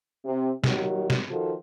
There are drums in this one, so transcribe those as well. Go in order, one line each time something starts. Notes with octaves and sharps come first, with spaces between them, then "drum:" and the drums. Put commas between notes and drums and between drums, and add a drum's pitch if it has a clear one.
C3
A#2 D#3 F#3 G3, drum: snare
drum: snare
D#3 F3 F#4 A4